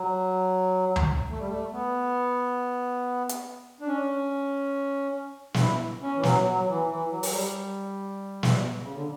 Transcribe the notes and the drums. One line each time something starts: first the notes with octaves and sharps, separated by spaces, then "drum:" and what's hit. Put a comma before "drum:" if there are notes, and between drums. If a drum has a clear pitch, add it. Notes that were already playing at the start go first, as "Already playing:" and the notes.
Already playing: F#3
drum: tom C#2
A3
G3
A3
B3
drum: hi-hat
D4
C#4
D4, drum: snare
E4
C#4
E3
F#3, drum: snare
F#3
E3
E3
F#3
F#3, drum: open hi-hat
G3
drum: snare
C#3
D3